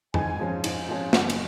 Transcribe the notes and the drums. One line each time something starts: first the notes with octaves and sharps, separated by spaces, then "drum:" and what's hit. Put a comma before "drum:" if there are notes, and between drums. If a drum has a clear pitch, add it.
G#2 G#5, drum: tom F2
F3 G#3 C#4
G#2, drum: cymbal
F3 G#3 C#4
F#1 F#5, drum: snare
drum: cymbal